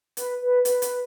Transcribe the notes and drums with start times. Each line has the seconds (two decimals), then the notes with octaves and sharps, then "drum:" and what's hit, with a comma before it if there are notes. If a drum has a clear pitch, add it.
0.17 B4, drum: hi-hat
0.42 B4
0.65 B4, drum: hi-hat
0.82 drum: hi-hat